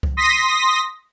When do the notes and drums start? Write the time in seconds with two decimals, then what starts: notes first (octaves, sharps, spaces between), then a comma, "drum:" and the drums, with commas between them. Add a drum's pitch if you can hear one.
0.03 drum: kick C2
0.17 C6 D#6 A#6 B6